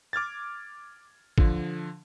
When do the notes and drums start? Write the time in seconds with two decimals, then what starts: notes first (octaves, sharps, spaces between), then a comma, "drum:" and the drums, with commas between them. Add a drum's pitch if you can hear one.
0.13 D6 F6 G#6 A6
1.38 D3 F3, drum: kick